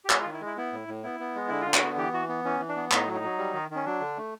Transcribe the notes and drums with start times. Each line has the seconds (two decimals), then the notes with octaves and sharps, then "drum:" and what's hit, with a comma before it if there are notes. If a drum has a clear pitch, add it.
0.05 G4
0.10 G#3 F#4, drum: clap
0.21 F4
0.26 D#3
0.33 E4
0.41 G#3
0.46 E4
0.57 B3 E4
0.73 A2
0.88 A2
1.03 B3 E4
1.20 B3
1.36 G#3
1.48 D3 E4
1.61 F4
1.66 D3
1.74 F#4, drum: clap
1.82 B3
1.97 E3 G4
2.13 E3 F#4
2.29 B3
2.44 E3 C#4
2.60 E3
2.69 D4
2.76 B3
2.91 A2 D#4, drum: clap
3.08 F#3
3.15 D#4
3.24 F#3
3.38 G3
3.54 D#3
3.71 D#3
3.76 C#4
3.85 F#3 D4
4.01 D3
4.18 A3